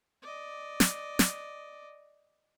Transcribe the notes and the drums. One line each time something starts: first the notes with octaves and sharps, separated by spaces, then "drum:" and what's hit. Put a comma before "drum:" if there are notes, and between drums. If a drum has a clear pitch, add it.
D5 D#5
drum: snare
drum: snare